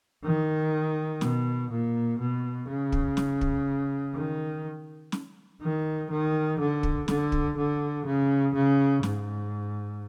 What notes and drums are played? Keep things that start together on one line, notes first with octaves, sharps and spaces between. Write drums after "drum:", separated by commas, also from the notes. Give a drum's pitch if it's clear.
D#3
B2, drum: snare
A#2
B2
C#3
drum: kick
drum: snare
drum: kick
D#3
drum: snare
D#3
D#3
D3
drum: kick
D3, drum: snare
drum: kick
D3
C#3
C#3
G#2, drum: snare